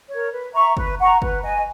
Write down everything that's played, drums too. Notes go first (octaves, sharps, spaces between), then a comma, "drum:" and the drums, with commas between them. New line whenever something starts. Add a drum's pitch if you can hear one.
A#4 C#5
B4
E5 A#5 C#6
B4, drum: kick
F#5 A#5 C#6
B4, drum: kick
D#5 G#5